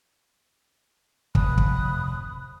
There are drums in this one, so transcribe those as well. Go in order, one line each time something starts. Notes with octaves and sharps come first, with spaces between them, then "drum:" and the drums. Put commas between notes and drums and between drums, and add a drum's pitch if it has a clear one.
F1 B5 D#6 F#6, drum: kick
drum: kick